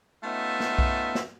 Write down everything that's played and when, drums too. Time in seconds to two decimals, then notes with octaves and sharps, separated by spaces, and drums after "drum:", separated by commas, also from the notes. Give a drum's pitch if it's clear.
0.24 A3 B3 C#4 D#4 F4 E5
0.60 drum: snare
0.79 drum: kick B1
1.15 drum: snare